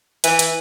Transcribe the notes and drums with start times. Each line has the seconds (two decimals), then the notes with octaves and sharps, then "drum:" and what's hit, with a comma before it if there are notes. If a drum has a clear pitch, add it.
0.24 E3, drum: hi-hat
0.39 drum: hi-hat